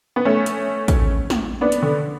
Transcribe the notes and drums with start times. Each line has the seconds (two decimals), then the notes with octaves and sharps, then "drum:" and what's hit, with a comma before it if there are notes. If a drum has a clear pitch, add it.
0.16 B3
0.25 A3 C#4
0.46 drum: hi-hat
0.88 drum: kick, hi-hat
1.30 drum: snare
1.61 B3 D4
1.72 drum: hi-hat
1.82 D3